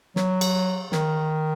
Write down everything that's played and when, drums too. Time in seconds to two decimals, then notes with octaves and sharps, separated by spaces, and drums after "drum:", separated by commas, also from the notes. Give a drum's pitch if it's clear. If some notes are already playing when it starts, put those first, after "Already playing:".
0.16 F#3, drum: snare
0.41 drum: cymbal
0.92 D#3, drum: snare